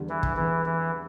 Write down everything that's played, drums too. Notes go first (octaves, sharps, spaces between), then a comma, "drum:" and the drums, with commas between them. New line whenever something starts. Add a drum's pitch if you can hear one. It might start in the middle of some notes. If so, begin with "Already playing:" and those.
Already playing: E2 D3 G3
E3
drum: kick
E2 D3 E3 G3
E3